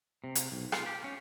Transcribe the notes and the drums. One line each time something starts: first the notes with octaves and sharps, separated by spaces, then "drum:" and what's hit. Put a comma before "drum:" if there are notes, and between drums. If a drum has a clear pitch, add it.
C3
drum: hi-hat
B1
F4, drum: rim click
G4
C#4